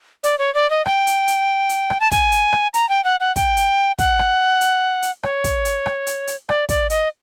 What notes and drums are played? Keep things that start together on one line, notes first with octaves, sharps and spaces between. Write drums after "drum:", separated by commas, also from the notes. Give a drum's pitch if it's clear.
D5, drum: hi-hat
C#5
D5
D#5
G5, drum: rim click
drum: hi-hat
drum: hi-hat
drum: hi-hat
drum: rim click
A5
G#5, drum: kick, hi-hat
drum: hi-hat
drum: rim click
A#5, drum: hi-hat
G5
F#5
F#5
G5, drum: kick, hi-hat
drum: hi-hat
F#5, drum: kick, hi-hat
drum: rim click
drum: hi-hat
drum: hi-hat
C#5, drum: rim click
drum: kick, hi-hat
drum: hi-hat
drum: rim click
drum: hi-hat
drum: hi-hat
D5, drum: rim click
D5, drum: kick, hi-hat
D#5, drum: hi-hat